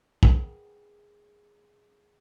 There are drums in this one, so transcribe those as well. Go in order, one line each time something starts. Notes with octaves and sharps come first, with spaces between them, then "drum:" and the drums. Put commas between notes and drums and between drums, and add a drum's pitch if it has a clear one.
G#4 A#4 B4 C#5 F#5 G5, drum: kick